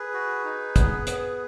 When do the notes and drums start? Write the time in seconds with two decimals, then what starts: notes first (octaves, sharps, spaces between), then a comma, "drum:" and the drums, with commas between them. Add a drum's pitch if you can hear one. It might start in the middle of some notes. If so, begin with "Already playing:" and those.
Already playing: G#4 B4
0.14 F#4
0.45 D#4
0.76 B3, drum: kick, hi-hat
1.07 B3, drum: hi-hat